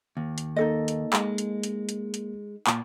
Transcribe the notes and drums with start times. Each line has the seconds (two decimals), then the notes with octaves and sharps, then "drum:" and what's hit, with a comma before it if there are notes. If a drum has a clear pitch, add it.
0.17 D#2
0.38 drum: hi-hat
0.56 A#3 D#4 A4 D#5
0.88 drum: hi-hat
1.13 G#3, drum: clap
1.38 drum: hi-hat
1.63 drum: hi-hat
1.89 drum: hi-hat
2.14 drum: hi-hat
2.67 A#2, drum: clap